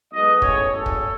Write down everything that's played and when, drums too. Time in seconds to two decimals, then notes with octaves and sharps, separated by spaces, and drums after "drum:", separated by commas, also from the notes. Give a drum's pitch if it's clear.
0.12 B1 B2 G#3 B3 D#5
0.42 A1 A2 G#3 C#4 C#5, drum: kick
0.71 F#1 E2 C#3 A4
0.86 drum: kick